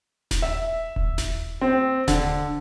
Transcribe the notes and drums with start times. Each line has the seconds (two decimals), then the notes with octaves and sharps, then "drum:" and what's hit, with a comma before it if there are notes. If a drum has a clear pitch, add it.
0.31 drum: snare D#1
0.42 E5
0.96 drum: kick D#1
1.18 drum: snare D#1
1.61 C4
2.08 D3, drum: snare D#1